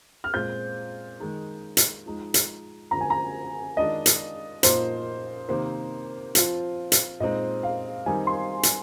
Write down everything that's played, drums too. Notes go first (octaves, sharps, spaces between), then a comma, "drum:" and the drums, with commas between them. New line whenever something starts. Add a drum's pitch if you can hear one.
F6
A#2 G#3 C4 F4 G6
D#3 G#3 D#4
drum: hi-hat
F3 G#3 D#4
drum: hi-hat
D3 F3 C4 A#5
G#5
A#5
D#3 G#3 D4 F4 D#5
drum: hi-hat
A#2 F3 A#3 D#4 C5, drum: hi-hat
C3 D#3 A#3 D#4 C5
F3 C4 F4, drum: hi-hat
drum: hi-hat
A#2 G#3 C4 D#4 D#5
F5
D#3 G3 C4 D#4 G#5
C6
drum: hi-hat